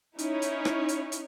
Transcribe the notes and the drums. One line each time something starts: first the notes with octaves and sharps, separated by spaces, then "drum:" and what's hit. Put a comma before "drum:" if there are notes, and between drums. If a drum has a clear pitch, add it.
C#4 D#4 E4 C#5, drum: hi-hat
drum: hi-hat
drum: rim click
drum: hi-hat
drum: hi-hat